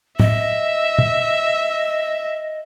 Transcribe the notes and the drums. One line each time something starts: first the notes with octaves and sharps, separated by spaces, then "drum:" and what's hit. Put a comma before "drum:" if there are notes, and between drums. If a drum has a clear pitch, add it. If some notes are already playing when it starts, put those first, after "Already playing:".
D#5 E5, drum: tom
drum: tom